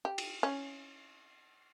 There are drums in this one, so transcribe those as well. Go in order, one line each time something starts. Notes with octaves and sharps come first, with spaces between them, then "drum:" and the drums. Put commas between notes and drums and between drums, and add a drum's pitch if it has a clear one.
G4
drum: cymbal
C#4